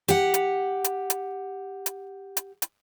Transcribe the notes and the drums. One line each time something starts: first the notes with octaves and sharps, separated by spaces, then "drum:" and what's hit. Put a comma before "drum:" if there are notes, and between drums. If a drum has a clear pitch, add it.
G4 F#5, drum: hi-hat
drum: hi-hat
drum: hi-hat
drum: hi-hat
drum: hi-hat
drum: hi-hat
drum: hi-hat